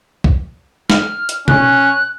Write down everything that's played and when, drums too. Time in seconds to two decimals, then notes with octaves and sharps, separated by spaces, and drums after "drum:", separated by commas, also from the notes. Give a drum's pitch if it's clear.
0.24 drum: kick
0.90 F6, drum: snare
1.29 drum: hi-hat
1.48 C#4 F#6, drum: tom B2